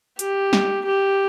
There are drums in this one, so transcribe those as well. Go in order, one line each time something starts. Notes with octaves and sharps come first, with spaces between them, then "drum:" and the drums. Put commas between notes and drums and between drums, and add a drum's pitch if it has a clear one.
G4, drum: hi-hat
drum: snare
G4